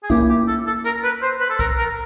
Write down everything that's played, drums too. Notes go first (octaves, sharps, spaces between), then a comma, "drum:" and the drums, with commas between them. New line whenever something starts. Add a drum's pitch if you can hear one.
G#4
A#3 C#4 E4 G4, drum: kick C2, tambourine
G4
A4
A4
A#4, drum: tambourine
B4
C5
B4
A4
A#4, drum: kick C2, tambourine
A#4